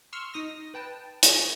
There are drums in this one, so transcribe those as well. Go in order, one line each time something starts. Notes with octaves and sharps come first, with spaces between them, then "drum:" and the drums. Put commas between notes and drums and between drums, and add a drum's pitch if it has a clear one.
C6 C#6 E6 F6
D#4 D#6 A#6
B4 G5 A5
G#4 C#5, drum: hi-hat